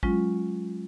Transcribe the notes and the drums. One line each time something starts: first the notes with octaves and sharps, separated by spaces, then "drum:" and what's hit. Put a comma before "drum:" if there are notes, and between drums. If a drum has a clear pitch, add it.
F#3 G#3 C#4 F4, drum: kick